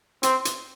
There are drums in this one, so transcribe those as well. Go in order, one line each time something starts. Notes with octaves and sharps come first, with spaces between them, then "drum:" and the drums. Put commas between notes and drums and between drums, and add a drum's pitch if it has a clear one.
C4, drum: hi-hat
drum: hi-hat